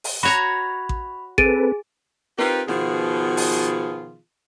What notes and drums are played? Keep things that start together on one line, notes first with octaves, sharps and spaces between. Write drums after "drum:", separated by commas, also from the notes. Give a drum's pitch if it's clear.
drum: open hi-hat
F#4 C#5 A#5 B5
drum: kick A1
C4 G#4 A4 B4 A6 D7 D#7, drum: kick A1
C4 D#4 F4 G4 A#4 B4, drum: snare E4
B2 D#3 F3 B3 F4 G#4, drum: snare E4
drum: open hi-hat